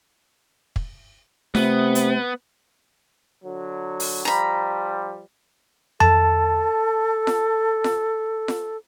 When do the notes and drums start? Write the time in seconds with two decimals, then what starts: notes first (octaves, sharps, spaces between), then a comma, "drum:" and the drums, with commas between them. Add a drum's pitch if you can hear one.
0.76 drum: kick
1.55 C3 A3 B3, drum: snare F4
1.95 drum: hi-hat
3.44 D3 F#3
4.00 drum: open hi-hat
4.25 F3 G3 A#5 B5
6.00 A4 A5, drum: tom F2
7.27 drum: snare F4
7.84 drum: snare F4
8.48 drum: snare F4